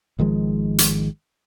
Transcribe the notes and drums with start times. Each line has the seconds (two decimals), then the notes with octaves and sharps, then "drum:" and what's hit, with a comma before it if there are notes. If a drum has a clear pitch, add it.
0.19 G#1 D#3 F3 G#3
0.78 drum: hi-hat